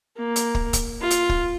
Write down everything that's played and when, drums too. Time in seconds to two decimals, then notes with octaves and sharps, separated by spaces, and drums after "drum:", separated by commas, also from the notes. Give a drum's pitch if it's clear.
0.17 A#3
0.36 drum: hi-hat
0.55 drum: kick
0.73 drum: kick, hi-hat
1.01 F4
1.11 drum: hi-hat
1.29 drum: kick